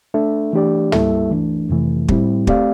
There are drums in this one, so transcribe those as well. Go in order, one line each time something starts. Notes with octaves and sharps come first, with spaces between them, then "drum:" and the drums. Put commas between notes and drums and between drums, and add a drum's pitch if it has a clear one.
A3 D4 A4 E5
E3 A3 D4 G4 D5
G3 A#3 E4 A4 E5, drum: tom
E3 A3 D4
F2 C3 E3 A3
A2 G3 C4 E4, drum: kick
A3 C4 G4 D5 F5, drum: kick